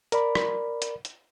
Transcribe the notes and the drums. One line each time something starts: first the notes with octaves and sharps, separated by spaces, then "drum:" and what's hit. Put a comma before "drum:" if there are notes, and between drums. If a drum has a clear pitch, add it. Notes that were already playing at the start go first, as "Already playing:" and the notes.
A#4 D5 B5, drum: hi-hat
drum: rim click
drum: hi-hat
drum: hi-hat